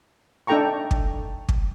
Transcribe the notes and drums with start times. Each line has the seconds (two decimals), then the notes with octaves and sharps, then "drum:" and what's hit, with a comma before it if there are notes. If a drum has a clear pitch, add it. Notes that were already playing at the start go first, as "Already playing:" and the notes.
0.47 D4 D#4 A4 G5 A#5 C#6
0.91 drum: kick
1.49 drum: kick